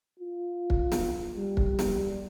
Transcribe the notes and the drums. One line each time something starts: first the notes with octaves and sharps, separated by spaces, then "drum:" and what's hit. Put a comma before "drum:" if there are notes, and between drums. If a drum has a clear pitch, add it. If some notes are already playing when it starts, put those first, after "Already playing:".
F4
drum: kick
drum: snare
G3
drum: kick
drum: snare